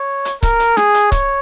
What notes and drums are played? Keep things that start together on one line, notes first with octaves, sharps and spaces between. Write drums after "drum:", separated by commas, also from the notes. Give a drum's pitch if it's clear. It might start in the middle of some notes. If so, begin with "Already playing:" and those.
Already playing: C#5
drum: hi-hat
A#4, drum: kick C#1, hi-hat
drum: hi-hat
G#4, drum: snare
drum: hi-hat
C#5, drum: kick C#1, hi-hat